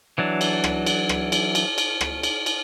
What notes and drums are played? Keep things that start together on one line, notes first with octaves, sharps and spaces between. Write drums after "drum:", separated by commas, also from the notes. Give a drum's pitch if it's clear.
E3 F#3 D4
drum: cymbal
drum: rim click
drum: cymbal
drum: rim click
drum: cymbal
drum: cymbal
drum: cymbal
drum: rim click
drum: cymbal
drum: cymbal